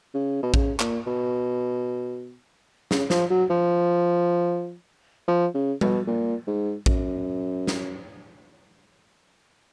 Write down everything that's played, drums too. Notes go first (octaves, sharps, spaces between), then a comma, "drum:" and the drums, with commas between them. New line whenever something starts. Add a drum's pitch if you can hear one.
C#3
B2
C#3, drum: kick
A#2, drum: clap
B2
C#3, drum: snare
F3, drum: snare
F#3
F3
F3
C#3
B2, drum: tom G3
A#2
G#2
F#2, drum: kick
drum: snare